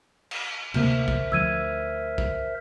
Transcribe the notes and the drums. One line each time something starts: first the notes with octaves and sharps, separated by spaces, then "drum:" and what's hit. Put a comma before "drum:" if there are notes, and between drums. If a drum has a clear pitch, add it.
drum: cymbal
D2 C3 A#3 A#4 C5 E5, drum: cymbal
drum: kick
D2 F3 E6 G#6 D#7
drum: kick